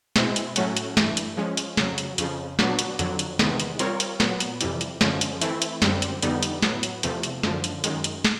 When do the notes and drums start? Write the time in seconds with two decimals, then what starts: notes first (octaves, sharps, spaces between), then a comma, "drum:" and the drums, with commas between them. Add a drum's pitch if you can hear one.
0.16 B2 G#3 C4 E4, drum: snare
0.36 drum: hi-hat
0.56 A2 F#3 A3 C#4 F#4, drum: hi-hat
0.77 drum: hi-hat
0.97 G2 E3 A3, drum: snare
1.17 drum: hi-hat
1.37 F3 G#3 C#4
1.57 drum: hi-hat
1.77 F2 C#3 F#3, drum: snare
1.98 drum: hi-hat
2.18 F2 C#3 F3, drum: hi-hat
2.59 A#2 F#3 B3 D4 F#4, drum: snare
2.79 drum: hi-hat
2.99 F2 D3 F#3, drum: hi-hat
3.19 drum: hi-hat
3.39 E2 C3 D#3 G#3 B3, drum: snare
3.60 drum: hi-hat
3.79 G3 C4 F4 A#4 C#5, drum: hi-hat
4.00 drum: hi-hat
4.20 A#2 F#3 B3, drum: snare
4.40 drum: hi-hat
4.61 F2 C3 E3 G3, drum: hi-hat
4.81 drum: hi-hat
5.01 F#2 D3 F3 G#3 C#4, drum: snare
5.21 drum: hi-hat
5.41 E3 A3 C4 E4, drum: hi-hat
5.62 drum: hi-hat
5.82 F#2 D3 G3 C4, drum: snare
6.02 drum: hi-hat
6.22 F2 D3 G3 B3 D#4, drum: hi-hat
6.43 drum: hi-hat
6.62 A2 F#3 B3, drum: snare
6.83 drum: hi-hat
7.03 E2 C3 F3 A3, drum: hi-hat
7.23 drum: hi-hat
7.43 F#2 D3 F3, drum: snare
7.64 drum: hi-hat
7.84 F#2 D#3 G#3, drum: hi-hat
8.04 drum: hi-hat
8.24 drum: snare